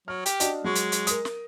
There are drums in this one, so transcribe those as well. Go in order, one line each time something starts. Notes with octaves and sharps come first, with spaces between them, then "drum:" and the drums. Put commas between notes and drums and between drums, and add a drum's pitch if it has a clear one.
F#3 F6
G4, drum: hi-hat
D4 F#4 D#5, drum: hi-hat
F#3 G#3 C#6
drum: hi-hat
drum: hi-hat
A#4 D#6, drum: hi-hat
drum: snare